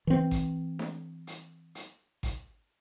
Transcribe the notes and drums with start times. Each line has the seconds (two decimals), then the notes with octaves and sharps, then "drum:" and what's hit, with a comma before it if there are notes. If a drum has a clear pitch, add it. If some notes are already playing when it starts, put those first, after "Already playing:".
0.07 E3 C4
0.31 drum: kick G#1, hi-hat
0.79 drum: snare D4
1.27 drum: hi-hat
1.75 drum: hi-hat
2.23 drum: kick G#1, hi-hat